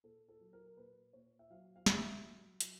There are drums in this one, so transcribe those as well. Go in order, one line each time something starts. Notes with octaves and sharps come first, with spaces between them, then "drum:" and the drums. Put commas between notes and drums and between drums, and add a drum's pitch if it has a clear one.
A#2 A4
A4
F#3
A#4
A#2 B4
A#2 C#5
E5
F#3 F5
F5
A#2 E5, drum: snare
F#3
F#3, drum: hi-hat